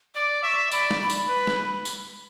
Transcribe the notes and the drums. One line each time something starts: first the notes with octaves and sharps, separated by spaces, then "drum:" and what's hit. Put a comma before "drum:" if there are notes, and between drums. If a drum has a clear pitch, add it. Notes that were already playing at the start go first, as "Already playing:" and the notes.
D5 D6
E5 C#6
D5 B5, drum: tambourine
drum: snare
B5
drum: tambourine
B4
drum: snare
drum: tambourine